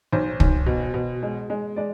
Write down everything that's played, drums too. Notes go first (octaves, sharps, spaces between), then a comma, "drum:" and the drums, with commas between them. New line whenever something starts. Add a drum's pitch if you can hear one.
B1 C5
B1, drum: kick
B2
B2
G#3
G#3
G#3 D5